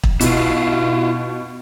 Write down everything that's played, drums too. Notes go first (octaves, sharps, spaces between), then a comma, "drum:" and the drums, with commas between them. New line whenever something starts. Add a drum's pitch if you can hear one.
drum: kick
B2 E4 F4, drum: hi-hat